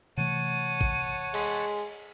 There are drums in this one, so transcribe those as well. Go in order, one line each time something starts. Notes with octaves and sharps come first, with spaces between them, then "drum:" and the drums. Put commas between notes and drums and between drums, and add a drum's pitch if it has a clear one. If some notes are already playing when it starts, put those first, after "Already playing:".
C3 E3 A3 C#5 F#5 A5 D#7
drum: kick G#1
G#3, drum: cymbal